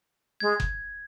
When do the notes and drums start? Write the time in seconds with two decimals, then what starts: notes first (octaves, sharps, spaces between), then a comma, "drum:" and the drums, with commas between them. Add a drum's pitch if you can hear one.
0.40 G#3 G#6
0.60 drum: kick F#1